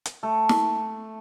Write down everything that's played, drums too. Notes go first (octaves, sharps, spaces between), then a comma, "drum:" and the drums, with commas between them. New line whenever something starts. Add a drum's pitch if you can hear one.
drum: hi-hat
A3
drum: snare